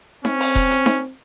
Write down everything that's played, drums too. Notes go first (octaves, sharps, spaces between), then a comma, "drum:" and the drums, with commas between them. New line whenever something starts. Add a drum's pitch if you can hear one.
C4 C#4, drum: snare D#4
drum: open hi-hat
drum: kick E1, hi-hat
drum: hi-hat
drum: snare D#4